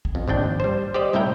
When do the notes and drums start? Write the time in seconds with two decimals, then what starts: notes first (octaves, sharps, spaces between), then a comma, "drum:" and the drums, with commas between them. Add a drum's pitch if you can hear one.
0.05 drum: kick
0.15 F2
0.28 D#2 C4 D4 G5, drum: tom G#2
0.60 G3 C5
0.94 G4 C5 D5 D#5
1.13 C2 A2 E4 E5 G5 A#5